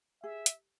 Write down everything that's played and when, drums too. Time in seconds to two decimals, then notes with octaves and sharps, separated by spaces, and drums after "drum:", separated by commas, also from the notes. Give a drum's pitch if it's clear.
0.23 G#4 E5
0.46 drum: hi-hat